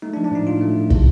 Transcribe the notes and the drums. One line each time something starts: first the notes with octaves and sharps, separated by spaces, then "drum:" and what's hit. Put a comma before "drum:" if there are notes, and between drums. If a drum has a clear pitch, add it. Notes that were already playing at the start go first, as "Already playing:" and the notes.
A3 D#4
D4
F3
D4
A2 D#4
A2 F4
A3
A2
C3, drum: kick